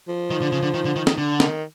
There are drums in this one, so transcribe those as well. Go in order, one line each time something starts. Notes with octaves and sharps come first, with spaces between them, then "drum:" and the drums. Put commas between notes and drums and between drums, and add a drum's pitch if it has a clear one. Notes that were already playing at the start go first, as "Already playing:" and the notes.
F3
D#3
D3
C#3
D3
D#3
D3
D#3
D#3, drum: snare
D3
D#3, drum: snare